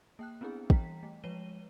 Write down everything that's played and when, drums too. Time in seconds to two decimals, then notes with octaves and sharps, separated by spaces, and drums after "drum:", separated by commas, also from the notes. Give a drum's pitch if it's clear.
0.19 A#3 G5 F#6
0.41 B3 C4 D4 E4 G#4
0.70 E3 G3 G5 A#5 B6, drum: kick
1.03 A3
1.24 F3 G#3 B4 C#5 D#7 G7